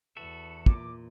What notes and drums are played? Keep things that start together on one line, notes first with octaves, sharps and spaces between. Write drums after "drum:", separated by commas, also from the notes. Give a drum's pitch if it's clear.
E2 E3 F#4 A4 E5
A#2 D6, drum: kick